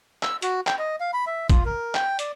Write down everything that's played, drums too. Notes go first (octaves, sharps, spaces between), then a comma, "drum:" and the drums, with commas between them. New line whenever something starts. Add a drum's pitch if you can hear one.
E6, drum: clap
F#4, drum: hi-hat
G5, drum: clap
D#5
F5
B5
E5
F4, drum: kick A1, hi-hat
A#4
G5, drum: clap
D5, drum: hi-hat